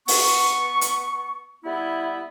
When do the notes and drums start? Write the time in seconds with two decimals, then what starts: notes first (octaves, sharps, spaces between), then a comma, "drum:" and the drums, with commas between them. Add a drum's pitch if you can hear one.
0.08 B3 C#6, drum: open hi-hat
0.81 drum: hi-hat
1.64 G3 B3 E4